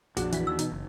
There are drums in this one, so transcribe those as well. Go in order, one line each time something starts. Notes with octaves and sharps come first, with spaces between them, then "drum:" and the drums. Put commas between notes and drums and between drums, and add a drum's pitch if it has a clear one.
A#1 F2 A#2 D4 F#4 G#4, drum: hi-hat
E3 B6, drum: hi-hat
D#2 E6
B2 D#4, drum: hi-hat
F#1